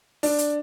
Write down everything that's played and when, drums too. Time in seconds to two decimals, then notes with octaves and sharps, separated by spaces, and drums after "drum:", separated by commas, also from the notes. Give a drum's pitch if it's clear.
0.23 D4, drum: open hi-hat
0.38 drum: hi-hat